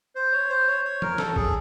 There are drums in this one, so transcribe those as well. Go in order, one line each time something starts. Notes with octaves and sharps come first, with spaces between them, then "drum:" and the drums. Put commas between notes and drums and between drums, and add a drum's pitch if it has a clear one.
C5
C#5
C5
C#5
C#5
A#4, drum: tom E3
A4, drum: snare F3
G#4, drum: kick